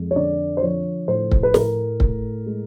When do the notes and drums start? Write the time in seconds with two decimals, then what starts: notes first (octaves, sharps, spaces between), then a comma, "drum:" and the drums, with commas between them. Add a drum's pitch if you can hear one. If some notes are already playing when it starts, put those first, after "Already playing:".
Already playing: F2 G#3
0.11 C#5
0.16 D3 D5
0.57 C5
0.62 F3 C#5
1.08 A2 C5
1.32 drum: kick C#1
1.43 B4
1.54 A2 A#4, drum: snare
2.00 A3, drum: kick C#1
2.46 G#3